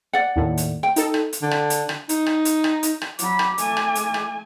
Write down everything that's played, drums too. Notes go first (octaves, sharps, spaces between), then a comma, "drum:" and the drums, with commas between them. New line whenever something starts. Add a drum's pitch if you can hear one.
D5 F#5
D#2 A2
drum: hi-hat
G5
D#4 A4, drum: hi-hat
drum: rim click
drum: hi-hat
D3
drum: rim click
drum: hi-hat
drum: rim click
D#4, drum: hi-hat
drum: rim click
drum: hi-hat
drum: rim click
drum: hi-hat
drum: rim click
F#3 B5 D6, drum: hi-hat
drum: rim click
A3 G#5, drum: hi-hat
drum: rim click
drum: hi-hat
drum: rim click